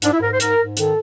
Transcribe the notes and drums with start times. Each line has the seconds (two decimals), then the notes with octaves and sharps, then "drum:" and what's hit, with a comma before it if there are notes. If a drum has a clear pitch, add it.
0.02 G#2 D4, drum: hi-hat
0.12 E4
0.21 G#2 A#4
0.31 C5
0.40 G#2 A#4, drum: hi-hat
0.58 G#2
0.77 D#3 A4, drum: hi-hat